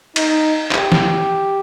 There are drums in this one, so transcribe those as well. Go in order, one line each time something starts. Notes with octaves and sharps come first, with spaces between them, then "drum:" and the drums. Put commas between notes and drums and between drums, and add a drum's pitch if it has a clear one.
D#4, drum: cymbal
G4, drum: clap
drum: snare